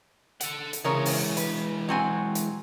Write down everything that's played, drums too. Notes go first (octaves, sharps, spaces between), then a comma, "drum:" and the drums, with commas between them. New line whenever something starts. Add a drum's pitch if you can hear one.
A4 F#5, drum: hi-hat
drum: hi-hat
C#3 E3 G#3 A#4 C#5
drum: open hi-hat
B4, drum: hi-hat
F#3 C4 G#5
drum: hi-hat